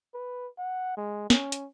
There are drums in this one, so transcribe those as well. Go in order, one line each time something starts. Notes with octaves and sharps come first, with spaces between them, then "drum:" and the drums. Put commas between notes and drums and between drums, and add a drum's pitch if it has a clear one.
B4
F#5
G#3
C#4, drum: snare
drum: hi-hat